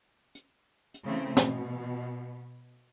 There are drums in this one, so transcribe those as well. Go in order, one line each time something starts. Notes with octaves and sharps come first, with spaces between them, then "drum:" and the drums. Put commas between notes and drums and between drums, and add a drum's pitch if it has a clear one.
drum: hi-hat
drum: hi-hat
C#3 E3 A3 C4
B2, drum: snare